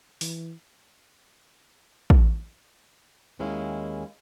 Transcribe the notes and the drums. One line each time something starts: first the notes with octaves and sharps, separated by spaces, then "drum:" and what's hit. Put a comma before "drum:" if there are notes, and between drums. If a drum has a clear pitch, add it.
E3, drum: open hi-hat
drum: kick
D#2 D#3 G#3 C#4 E4 F5